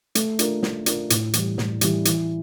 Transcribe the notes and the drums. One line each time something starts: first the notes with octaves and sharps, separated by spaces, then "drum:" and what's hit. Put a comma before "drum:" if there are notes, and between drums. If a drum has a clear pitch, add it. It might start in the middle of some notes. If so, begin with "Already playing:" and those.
A3, drum: hi-hat
D4 F4 A#4, drum: hi-hat
A3, drum: snare
D4 F4 A#4, drum: hi-hat
A2, drum: hi-hat
E3 G3, drum: hi-hat
A2, drum: snare
E3 G3, drum: hi-hat
E3, drum: hi-hat